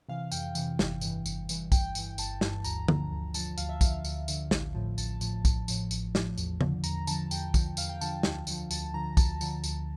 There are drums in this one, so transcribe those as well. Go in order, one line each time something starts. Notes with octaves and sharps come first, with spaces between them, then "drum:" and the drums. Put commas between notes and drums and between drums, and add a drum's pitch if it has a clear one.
C3 E3 F5
F2 G5, drum: tambourine
C3 E3, drum: tambourine
G1, drum: snare
G2 E3, drum: tambourine
G1, drum: tambourine
G2 E3, drum: tambourine
G1 G5, drum: kick, tambourine
G2 E3, drum: tambourine
G1 A5, drum: tambourine
G2 E3, drum: snare
D2 A#5, drum: tambourine
D3 F3, drum: tom D3
D2
D3 F3 A5, drum: tambourine
D2 F5, drum: tambourine
E5
D3 F3 F5, drum: kick, tambourine
D2, drum: tambourine
D3 F3, drum: tambourine
A1, drum: snare
A2 F3
A1 A5, drum: tambourine
A2 F3, drum: tambourine
A1, drum: kick, tambourine
A2 F3, drum: tambourine
A1, drum: tambourine
A2 F3, drum: snare
E2, drum: tambourine
D3 F3, drum: tom C#3
E2 A#5, drum: tambourine
D3 F3 A5, drum: tambourine
E2 G5, drum: tambourine
D3 F3, drum: kick, tambourine
E2 F5, drum: tambourine
G5
D3 F3 A5, drum: tambourine
D2, drum: snare
D3 F3, drum: tambourine
D2 A5, drum: tambourine
D3 F3 A#5
D2 A5, drum: kick, tambourine
D3 F3, drum: tambourine
D2, drum: tambourine